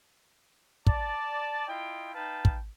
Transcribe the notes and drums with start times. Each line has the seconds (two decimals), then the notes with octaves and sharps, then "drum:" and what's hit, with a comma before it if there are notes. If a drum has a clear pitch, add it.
0.87 D5 A5, drum: kick
1.67 E4 F4 D#5 G5
2.14 D#4 B4 F5 G5 A5
2.45 drum: kick